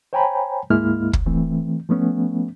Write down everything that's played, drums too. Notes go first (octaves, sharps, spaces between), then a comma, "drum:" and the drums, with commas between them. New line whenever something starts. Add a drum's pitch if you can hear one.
C5 C#5 G5 G#5 A#5 B5
D2 G#2 G#3 A#3 E4 F6
drum: kick
E3 A3 C4
F3 A3 B3 C#4